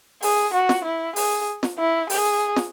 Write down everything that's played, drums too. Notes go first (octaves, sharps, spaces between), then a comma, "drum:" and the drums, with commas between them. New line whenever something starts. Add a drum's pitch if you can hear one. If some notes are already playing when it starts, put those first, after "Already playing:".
G#4, drum: open hi-hat
F#4
drum: snare
E4
G#4, drum: open hi-hat
drum: snare
E4
G#4, drum: open hi-hat
drum: snare